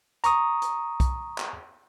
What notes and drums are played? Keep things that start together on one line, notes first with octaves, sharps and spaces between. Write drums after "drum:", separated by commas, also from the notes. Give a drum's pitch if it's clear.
A#5 C#6 D#6, drum: hi-hat
drum: hi-hat
drum: kick B1, hi-hat
drum: clap